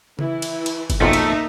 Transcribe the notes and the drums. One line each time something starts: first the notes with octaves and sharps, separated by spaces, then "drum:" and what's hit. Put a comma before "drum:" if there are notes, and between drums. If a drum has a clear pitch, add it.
E3 E4, drum: tom C#3
drum: cymbal
drum: cymbal
drum: kick F#1, cymbal
B1 F2 A3 A#3 D#4 F4 E5
drum: cymbal